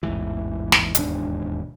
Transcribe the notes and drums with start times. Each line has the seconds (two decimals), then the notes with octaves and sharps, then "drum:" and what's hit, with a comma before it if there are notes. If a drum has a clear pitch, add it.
0.03 A1 E2 G#2 E3
0.72 drum: snare
0.95 E1 D#2 G#2 D4, drum: hi-hat